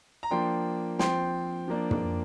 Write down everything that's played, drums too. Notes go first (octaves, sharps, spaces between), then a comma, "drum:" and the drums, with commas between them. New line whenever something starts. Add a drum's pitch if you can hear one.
A#5
F3 A#3 D4 G5 C6
F3 C4 G5 C6, drum: snare
F3 A#3 D4
drum: tom